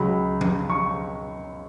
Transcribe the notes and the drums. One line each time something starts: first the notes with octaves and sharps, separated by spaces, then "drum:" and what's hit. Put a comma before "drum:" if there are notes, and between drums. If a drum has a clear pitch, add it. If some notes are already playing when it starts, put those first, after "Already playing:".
Already playing: C#2 C#3 F#3 B5
drum: tom F3
C#6